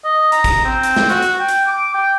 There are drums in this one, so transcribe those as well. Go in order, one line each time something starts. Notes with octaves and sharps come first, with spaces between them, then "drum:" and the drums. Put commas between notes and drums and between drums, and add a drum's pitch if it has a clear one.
D#5
A#5, drum: hi-hat
drum: kick, hi-hat
C4
drum: hi-hat
drum: snare
F#4, drum: hi-hat
drum: hi-hat
G5
drum: hi-hat
D6
G5